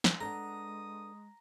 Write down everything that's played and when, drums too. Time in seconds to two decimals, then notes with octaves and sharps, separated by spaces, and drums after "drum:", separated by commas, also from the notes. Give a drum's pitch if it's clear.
0.04 drum: snare
0.20 G#3 B3 D4 A4 A#5 D#6